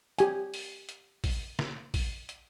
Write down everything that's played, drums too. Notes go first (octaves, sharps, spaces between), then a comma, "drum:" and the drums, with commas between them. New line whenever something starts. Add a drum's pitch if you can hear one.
G4 G#5, drum: hi-hat
drum: open hi-hat
drum: hi-hat
drum: kick, open hi-hat
drum: snare
drum: kick, open hi-hat
drum: hi-hat